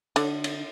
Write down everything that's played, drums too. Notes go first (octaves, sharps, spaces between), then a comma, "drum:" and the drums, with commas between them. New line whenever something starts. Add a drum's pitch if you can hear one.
D3, drum: cymbal
drum: cymbal